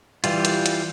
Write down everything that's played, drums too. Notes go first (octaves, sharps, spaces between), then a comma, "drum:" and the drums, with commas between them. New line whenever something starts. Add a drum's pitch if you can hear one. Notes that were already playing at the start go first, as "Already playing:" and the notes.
E3 G3 F4, drum: hi-hat
drum: hi-hat
drum: hi-hat